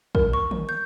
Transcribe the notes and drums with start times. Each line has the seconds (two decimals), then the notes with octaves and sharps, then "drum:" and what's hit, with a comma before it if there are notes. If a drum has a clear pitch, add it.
0.15 A#4, drum: kick
0.33 C#6
0.51 drum: tom
0.69 G6